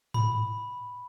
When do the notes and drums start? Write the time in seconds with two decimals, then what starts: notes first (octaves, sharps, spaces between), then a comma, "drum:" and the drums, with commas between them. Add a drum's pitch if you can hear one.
0.14 B5, drum: tom G#2